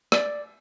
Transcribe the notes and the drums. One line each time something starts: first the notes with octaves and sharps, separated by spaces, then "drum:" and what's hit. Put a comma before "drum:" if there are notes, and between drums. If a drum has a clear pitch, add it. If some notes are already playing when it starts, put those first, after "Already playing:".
D5, drum: rim click